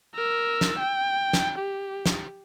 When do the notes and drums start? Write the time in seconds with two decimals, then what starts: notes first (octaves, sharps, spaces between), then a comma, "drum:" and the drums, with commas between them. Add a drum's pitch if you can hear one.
0.15 A#4 E6
0.61 drum: snare
0.79 G5
1.33 drum: snare
1.59 G4
2.06 drum: snare